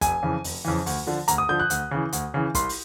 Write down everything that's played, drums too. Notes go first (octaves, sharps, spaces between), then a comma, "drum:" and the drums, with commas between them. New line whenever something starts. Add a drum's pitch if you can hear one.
F1 G#5, drum: kick, hi-hat
F2 C#3 E3
F1, drum: open hi-hat
F2 C#3 E3
D2, drum: open hi-hat
D3 F3
D2 A#5, drum: hi-hat
D#6
D3 F3 G6
F#6
D2, drum: hi-hat
C#3 E3
D2, drum: hi-hat
C#3 E3
C2 C6, drum: kick, hi-hat
drum: open hi-hat